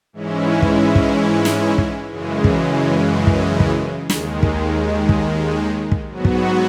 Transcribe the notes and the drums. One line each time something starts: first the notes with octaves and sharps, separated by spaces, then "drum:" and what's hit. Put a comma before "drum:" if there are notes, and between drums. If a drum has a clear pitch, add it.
G#2 E3 G#3 C#4 E4
drum: kick
drum: kick
drum: snare
drum: kick
F#2 C#3 E3 G#3
drum: kick
drum: kick
drum: kick
D#2 D#3 G#3, drum: snare
drum: kick
drum: kick
drum: kick
G#2 F#3 B3 F#4
drum: kick